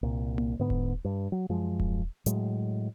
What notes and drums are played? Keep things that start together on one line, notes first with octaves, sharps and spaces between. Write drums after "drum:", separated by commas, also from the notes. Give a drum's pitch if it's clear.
C2 A#2
drum: tom A#3
G#2 D3 B3
drum: kick D#1
G2
F#3
F#2 F3 G#3
drum: kick D#1
A2 F#3 G#3, drum: hi-hat